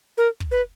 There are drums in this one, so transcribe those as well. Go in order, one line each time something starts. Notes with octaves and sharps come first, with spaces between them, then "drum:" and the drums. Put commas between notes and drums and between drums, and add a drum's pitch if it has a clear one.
A#4
drum: kick
B4